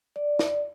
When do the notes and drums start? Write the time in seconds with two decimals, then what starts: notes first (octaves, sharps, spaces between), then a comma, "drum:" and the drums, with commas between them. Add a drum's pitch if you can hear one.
0.16 D5
0.39 drum: snare